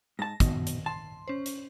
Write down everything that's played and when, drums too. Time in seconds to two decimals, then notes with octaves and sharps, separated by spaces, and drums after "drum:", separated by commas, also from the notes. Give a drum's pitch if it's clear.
0.19 G#2 A5 A#6
0.40 B2 D#3, drum: kick, hi-hat
0.67 drum: hi-hat
0.86 A5 C6
1.28 C#4 C5
1.46 drum: hi-hat